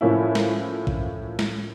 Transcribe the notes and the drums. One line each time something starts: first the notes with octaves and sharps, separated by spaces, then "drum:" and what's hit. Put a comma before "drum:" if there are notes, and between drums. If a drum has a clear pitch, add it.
A2 F3 A#3 C#4 E4
drum: snare
drum: kick
drum: snare